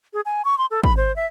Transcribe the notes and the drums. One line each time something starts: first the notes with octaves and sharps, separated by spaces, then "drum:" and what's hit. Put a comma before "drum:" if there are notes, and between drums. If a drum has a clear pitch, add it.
G#4
G#5
C#6
C6
A4
B5, drum: kick
C5
E5